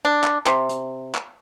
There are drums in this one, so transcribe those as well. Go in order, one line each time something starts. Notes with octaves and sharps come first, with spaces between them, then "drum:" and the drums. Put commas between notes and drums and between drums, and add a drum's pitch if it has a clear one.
D4
drum: clap
C3, drum: clap
drum: hi-hat
drum: clap